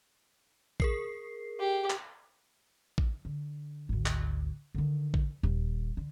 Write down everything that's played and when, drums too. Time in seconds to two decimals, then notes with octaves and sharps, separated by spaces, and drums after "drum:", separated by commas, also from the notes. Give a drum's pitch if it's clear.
0.80 G#4 A#4 C7, drum: kick A1
1.59 G4
1.90 drum: clap
2.98 drum: kick A1
3.25 D3
3.89 G#1 D2
4.06 drum: clap
4.75 D3 D#3
5.14 drum: kick A1
5.43 D#1
5.97 D3